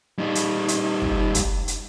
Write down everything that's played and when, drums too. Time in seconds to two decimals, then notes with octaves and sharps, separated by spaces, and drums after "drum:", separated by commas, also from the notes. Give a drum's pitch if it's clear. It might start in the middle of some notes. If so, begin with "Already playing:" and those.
0.19 G3 D#4
0.35 drum: hi-hat
0.68 drum: hi-hat
1.01 drum: kick
1.35 drum: kick, hi-hat
1.68 drum: hi-hat